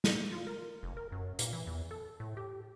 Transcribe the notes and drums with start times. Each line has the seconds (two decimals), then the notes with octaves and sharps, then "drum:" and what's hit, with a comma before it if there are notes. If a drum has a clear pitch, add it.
0.04 drum: snare
0.32 F4
0.47 A#4
0.83 F1
0.97 A#4
1.12 F#2
1.39 A#2, drum: hi-hat
1.53 E3
1.67 E2
1.91 A4
2.20 A2
2.37 G4